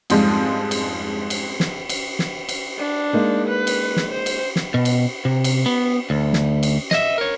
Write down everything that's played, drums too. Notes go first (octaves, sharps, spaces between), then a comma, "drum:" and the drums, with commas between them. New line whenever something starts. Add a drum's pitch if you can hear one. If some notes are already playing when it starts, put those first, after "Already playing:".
F2 G#2 F3 G3 G#3, drum: cymbal
drum: cymbal
drum: cymbal
drum: snare
drum: cymbal
drum: snare
drum: cymbal
D4
G#3 A#3 D#4
B4
drum: cymbal
drum: snare
C5
drum: cymbal
drum: snare
B2
drum: cymbal
C3
drum: cymbal
B3
D2
drum: snare
drum: cymbal
D#5 E5, drum: snare
A#4 C#5